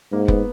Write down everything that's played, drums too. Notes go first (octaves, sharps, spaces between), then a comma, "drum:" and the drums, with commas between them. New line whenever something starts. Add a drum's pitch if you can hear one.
G#2 A#3
B3, drum: kick F1